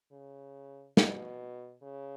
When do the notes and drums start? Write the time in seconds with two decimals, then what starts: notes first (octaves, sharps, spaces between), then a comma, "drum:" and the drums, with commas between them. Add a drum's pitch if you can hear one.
0.12 C#3
0.97 B2, drum: snare
1.82 C#3